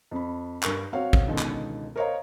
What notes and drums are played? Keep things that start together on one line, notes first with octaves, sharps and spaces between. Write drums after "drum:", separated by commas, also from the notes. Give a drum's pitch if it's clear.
F2 B5
G2 A#4 C#6, drum: clap
C4 F#4 C#5 F5 F#5
drum: kick A1
C#2 B2 D3 D#3
drum: clap
A#4 C5 C#5 D#5 F5 A#5